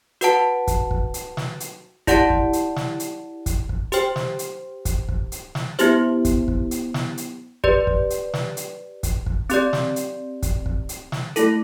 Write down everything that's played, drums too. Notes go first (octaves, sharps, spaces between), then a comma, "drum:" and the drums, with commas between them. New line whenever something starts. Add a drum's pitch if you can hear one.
F#4 B4 F#5 A5, drum: hi-hat
drum: kick, hi-hat
drum: kick
drum: hi-hat
drum: snare
drum: hi-hat
E4 G4 D5 F#5 A5, drum: kick, hi-hat
drum: kick
drum: hi-hat
drum: snare
drum: hi-hat
drum: kick, hi-hat
drum: kick
G4 C5 G5, drum: hi-hat
drum: snare
drum: hi-hat
drum: kick, hi-hat
drum: kick
drum: hi-hat
drum: snare
B3 E4 G4 C5, drum: hi-hat
drum: kick, hi-hat
drum: kick
drum: hi-hat
drum: snare
drum: hi-hat
G4 B4 D5, drum: kick
drum: kick
drum: hi-hat
drum: snare
drum: hi-hat
drum: kick, hi-hat
drum: kick
C4 G4 D5, drum: hi-hat
drum: snare
drum: hi-hat
drum: kick, hi-hat
drum: kick
drum: hi-hat
drum: snare
A3 E4 A4, drum: hi-hat